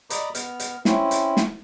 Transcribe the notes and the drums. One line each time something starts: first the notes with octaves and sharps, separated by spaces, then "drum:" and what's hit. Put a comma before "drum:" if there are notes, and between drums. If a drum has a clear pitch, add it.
D5 D#5 A#5 B5 D6, drum: hi-hat
B3 F6, drum: hi-hat
drum: hi-hat
C4 C#4 E4, drum: snare
drum: hi-hat
drum: snare